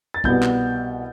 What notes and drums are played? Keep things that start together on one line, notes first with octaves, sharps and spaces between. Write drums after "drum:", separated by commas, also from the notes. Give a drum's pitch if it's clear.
A6
C2 B2 G3 B3 G6, drum: kick
drum: clap